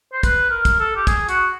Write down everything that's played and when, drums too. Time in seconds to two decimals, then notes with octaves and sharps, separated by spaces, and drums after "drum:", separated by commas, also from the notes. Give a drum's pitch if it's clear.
0.13 C5
0.23 B4, drum: kick, hi-hat
0.50 A#4
0.65 drum: kick, hi-hat
0.79 A4
0.96 G4
1.07 G#4, drum: kick, hi-hat
1.29 F#4, drum: hi-hat